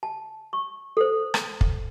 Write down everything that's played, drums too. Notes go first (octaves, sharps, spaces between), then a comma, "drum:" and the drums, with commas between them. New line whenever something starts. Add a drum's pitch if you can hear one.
A5
C#6
A4 C5
drum: rim click
drum: kick